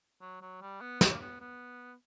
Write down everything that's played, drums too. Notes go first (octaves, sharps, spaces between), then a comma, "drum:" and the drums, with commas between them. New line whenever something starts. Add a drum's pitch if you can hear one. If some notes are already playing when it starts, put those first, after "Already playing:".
F#3
F#3
G3
B3
C4, drum: snare
A#3
B3
B3